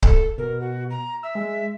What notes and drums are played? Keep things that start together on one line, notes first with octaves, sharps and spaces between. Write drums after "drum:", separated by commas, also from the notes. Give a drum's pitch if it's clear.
A4, drum: kick C#1
B2 A#4
F#4
A#5
E5 E6
G#3